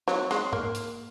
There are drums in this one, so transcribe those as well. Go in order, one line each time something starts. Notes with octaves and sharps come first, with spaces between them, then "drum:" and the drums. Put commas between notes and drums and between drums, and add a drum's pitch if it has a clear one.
F#3, drum: snare
G#3, drum: snare
A#3, drum: tom
drum: hi-hat